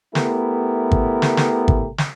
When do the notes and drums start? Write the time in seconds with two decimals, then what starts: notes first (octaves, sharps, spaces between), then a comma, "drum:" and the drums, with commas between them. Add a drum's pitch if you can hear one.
0.15 A3 B3 E4 G4 A#4, drum: snare
0.91 drum: kick
1.22 drum: snare
1.37 drum: snare
1.68 drum: kick
1.98 drum: snare